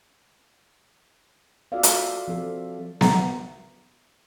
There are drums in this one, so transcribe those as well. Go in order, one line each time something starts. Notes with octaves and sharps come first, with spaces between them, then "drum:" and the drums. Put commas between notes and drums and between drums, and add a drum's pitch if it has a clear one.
F4 F#4 A4 D5 E5 F5
drum: hi-hat
F3 C4 A4
F#5 A#5, drum: snare B3